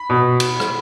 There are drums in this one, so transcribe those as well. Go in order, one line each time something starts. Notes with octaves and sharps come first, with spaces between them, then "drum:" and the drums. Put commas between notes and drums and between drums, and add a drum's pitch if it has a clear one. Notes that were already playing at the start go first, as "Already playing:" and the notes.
Already playing: B5
B2
drum: cymbal
drum: rim click